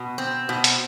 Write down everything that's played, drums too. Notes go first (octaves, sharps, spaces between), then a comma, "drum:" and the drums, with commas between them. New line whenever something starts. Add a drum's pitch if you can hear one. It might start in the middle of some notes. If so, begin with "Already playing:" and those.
Already playing: B2
C4
B2
drum: hi-hat